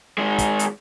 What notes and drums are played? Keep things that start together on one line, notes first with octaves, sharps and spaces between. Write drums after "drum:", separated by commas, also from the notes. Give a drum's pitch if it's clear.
D#3 G#3
drum: kick, hi-hat
drum: hi-hat